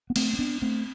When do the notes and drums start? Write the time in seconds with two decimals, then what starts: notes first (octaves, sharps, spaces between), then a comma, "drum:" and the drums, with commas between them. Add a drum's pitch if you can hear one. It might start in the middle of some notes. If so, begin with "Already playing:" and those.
0.10 B3
0.16 A3 C4, drum: cymbal
0.33 C4
0.39 B3 D4
0.62 A3 C4